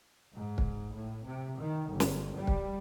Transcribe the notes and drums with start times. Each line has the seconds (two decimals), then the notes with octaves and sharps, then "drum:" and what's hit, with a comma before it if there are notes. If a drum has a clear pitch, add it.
0.34 G#2
0.58 drum: kick
0.93 A2
1.26 C3
1.58 D#3
1.89 G1
2.00 drum: snare
2.36 G3
2.47 drum: kick